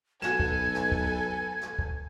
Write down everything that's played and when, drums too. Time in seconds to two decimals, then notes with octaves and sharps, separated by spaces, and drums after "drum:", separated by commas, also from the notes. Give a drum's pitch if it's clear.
0.22 B1 F#4 A4 B4 G#5 G#6 E7, drum: snare
0.40 drum: kick
0.74 drum: snare
0.92 drum: kick
1.61 drum: snare
1.79 drum: kick